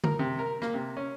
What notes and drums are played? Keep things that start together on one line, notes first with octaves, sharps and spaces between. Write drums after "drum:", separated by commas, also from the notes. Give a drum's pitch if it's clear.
A#4, drum: tom D3
C3
A#4
A#3, drum: rim click
C3
C#4